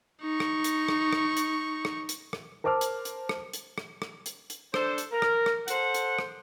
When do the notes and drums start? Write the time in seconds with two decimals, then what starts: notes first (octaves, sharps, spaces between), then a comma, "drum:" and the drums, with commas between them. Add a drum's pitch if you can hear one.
0.22 D#4 C#6
0.40 drum: rim click
0.64 drum: hi-hat
0.88 drum: rim click
1.13 drum: rim click
1.37 drum: hi-hat
1.85 drum: rim click
2.09 drum: hi-hat
2.33 drum: rim click
2.64 A#4 C5 A5 D6 E6 F6
2.81 drum: hi-hat
3.05 drum: hi-hat
3.29 drum: rim click
3.53 drum: hi-hat
3.78 drum: rim click
4.02 drum: rim click
4.26 drum: hi-hat
4.50 drum: hi-hat
4.74 D4 A4 C5, drum: rim click
4.98 drum: hi-hat
5.12 A#4
5.22 drum: rim click
5.46 drum: rim click
5.68 A4 C5 F#5, drum: hi-hat
5.94 drum: hi-hat
6.19 drum: rim click